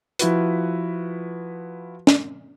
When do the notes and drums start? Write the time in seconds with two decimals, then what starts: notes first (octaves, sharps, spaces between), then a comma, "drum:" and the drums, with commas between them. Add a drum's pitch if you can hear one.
0.19 F3 E4 F#4 B4, drum: hi-hat
2.07 drum: snare